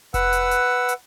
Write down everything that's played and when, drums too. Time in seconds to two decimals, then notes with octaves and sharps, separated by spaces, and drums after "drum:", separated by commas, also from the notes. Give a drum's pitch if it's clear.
0.14 B4 F#5 E6, drum: kick F1, hi-hat
0.33 drum: hi-hat
0.51 drum: hi-hat
0.89 drum: hi-hat